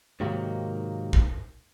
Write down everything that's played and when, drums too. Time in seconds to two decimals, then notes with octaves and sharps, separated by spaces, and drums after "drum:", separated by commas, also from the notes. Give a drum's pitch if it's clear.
0.20 G#2 C3 D#3 F#3 A#3
1.13 drum: kick